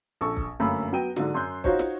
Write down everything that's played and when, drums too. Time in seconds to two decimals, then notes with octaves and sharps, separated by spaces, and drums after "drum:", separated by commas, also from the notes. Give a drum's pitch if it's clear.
0.21 A#1 A4 C#6
0.37 drum: kick
0.60 G1 F#2 A3 A#3 B5
0.93 F#3 B3 G5 D#7
1.16 G#2 D3 F#3, drum: snare
1.34 F#2 C6 F#6 G6
1.64 D#4 F4 F#4 C5 C#5, drum: kick
1.79 drum: snare